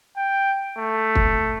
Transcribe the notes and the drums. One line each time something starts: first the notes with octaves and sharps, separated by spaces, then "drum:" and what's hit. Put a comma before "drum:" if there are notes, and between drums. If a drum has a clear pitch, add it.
G5
A3
drum: kick